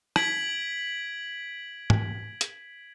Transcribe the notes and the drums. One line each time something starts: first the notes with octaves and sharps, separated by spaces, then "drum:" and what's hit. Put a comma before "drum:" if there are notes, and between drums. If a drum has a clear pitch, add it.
G#6 B6 D7 F#7, drum: rim click
drum: tom
drum: hi-hat